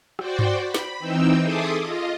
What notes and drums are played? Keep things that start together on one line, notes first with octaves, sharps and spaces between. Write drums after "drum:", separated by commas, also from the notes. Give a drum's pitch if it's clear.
F#4 C5 D5 G5, drum: rim click
drum: tom G2
B5
drum: snare
E3 C4 D#4 G5 E6
G#4 A4 E5 C6 D6 D#6
F4 D#5